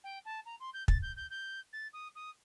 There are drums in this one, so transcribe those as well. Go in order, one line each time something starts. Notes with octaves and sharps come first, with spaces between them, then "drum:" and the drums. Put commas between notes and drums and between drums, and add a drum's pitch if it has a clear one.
G5
A5
A#5
C6
G6
A6, drum: kick
G6
G6
G6
A6
D#6
D#6